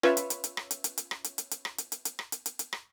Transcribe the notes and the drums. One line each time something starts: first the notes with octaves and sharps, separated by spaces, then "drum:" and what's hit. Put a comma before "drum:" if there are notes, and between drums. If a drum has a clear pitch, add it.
C#4 F4 B4 C#5 E5, drum: rim click
drum: hi-hat
drum: hi-hat
drum: hi-hat
drum: rim click
drum: hi-hat
drum: hi-hat
drum: hi-hat
drum: rim click
drum: hi-hat
drum: hi-hat
drum: hi-hat
drum: rim click
drum: hi-hat
drum: hi-hat
drum: hi-hat
drum: rim click
drum: hi-hat
drum: hi-hat
drum: hi-hat
drum: rim click